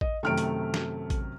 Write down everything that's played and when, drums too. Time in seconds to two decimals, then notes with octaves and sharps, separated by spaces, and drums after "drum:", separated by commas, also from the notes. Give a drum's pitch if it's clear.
0.01 D#5, drum: kick A1
0.23 F#2 C3 D#3 A3 F6 D7
0.38 drum: hi-hat
0.74 drum: snare
1.10 drum: kick A1, hi-hat